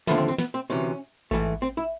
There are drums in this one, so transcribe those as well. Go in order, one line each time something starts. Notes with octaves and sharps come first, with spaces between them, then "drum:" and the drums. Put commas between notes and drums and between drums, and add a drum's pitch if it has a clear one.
D#2 D3 F3 A3 B3, drum: snare
C4
C4
B3, drum: snare
C4
D2 C3 E3 C#4
G#2 E3 A3, drum: kick A1
C4
E4